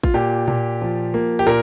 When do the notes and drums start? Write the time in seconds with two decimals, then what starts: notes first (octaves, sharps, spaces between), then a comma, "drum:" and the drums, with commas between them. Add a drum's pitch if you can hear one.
0.04 F4, drum: kick A1
0.14 A#2 G4
0.48 A#2, drum: tom A#2
0.81 F3
1.14 A#3
1.39 G4
1.47 A#2 A#4